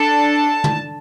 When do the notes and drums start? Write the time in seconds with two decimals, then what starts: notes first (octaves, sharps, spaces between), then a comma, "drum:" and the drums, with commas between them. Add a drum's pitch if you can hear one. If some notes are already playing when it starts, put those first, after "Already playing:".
Already playing: D4 A4 A5
0.64 drum: tom